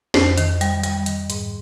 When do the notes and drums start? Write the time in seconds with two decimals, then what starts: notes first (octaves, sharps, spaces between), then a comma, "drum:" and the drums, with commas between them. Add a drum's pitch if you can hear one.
0.14 F2 C5, drum: snare
0.38 D#3, drum: hi-hat
0.61 G3, drum: hi-hat
0.83 G3, drum: hi-hat
1.06 D#3, drum: hi-hat
1.30 G#2, drum: hi-hat